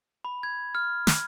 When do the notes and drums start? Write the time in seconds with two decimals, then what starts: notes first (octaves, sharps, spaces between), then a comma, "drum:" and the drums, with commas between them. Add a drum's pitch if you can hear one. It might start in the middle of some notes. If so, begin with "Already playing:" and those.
0.25 B5
0.43 G#6
0.75 F6
1.07 drum: snare